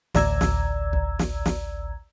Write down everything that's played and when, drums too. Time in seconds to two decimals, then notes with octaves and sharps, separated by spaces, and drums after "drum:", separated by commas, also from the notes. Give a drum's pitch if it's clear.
0.15 A1 D2 D5 A#5 E6 G#6, drum: snare
0.41 drum: snare
0.93 drum: kick
1.19 drum: snare
1.45 drum: snare